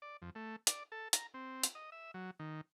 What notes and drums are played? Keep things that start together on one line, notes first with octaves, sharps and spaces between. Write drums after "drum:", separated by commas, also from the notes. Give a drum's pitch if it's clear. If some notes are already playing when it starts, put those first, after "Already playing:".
D5
F2
A3
D5, drum: hi-hat
A4
A#5, drum: hi-hat
C4
drum: hi-hat
D#5
E5
F#3
D#3